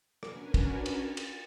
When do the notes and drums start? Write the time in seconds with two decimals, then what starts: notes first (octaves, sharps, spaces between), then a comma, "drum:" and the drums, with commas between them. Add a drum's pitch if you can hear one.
0.23 C#4 D4 F#4 A#4 B4 G#5, drum: rim click
0.54 drum: kick, cymbal
0.86 drum: cymbal
1.17 drum: cymbal